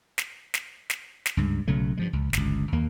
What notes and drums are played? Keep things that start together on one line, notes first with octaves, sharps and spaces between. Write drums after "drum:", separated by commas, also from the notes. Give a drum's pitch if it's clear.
drum: snare
drum: snare
drum: snare
drum: snare
C#2 G2
B1 C#3 F#3 A3
G2 F3 G#3
C#2
G1 C#2, drum: snare
D#2 A#3